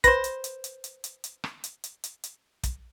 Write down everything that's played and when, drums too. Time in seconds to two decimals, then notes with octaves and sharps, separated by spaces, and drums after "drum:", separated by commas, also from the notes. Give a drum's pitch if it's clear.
0.04 B4 C5 A#6, drum: kick, hi-hat
0.24 drum: hi-hat
0.44 drum: hi-hat
0.64 drum: hi-hat
0.84 drum: hi-hat
1.04 drum: hi-hat
1.24 drum: hi-hat
1.44 drum: rim click
1.64 drum: hi-hat
1.84 drum: hi-hat
2.04 drum: hi-hat
2.24 drum: hi-hat
2.63 drum: kick, hi-hat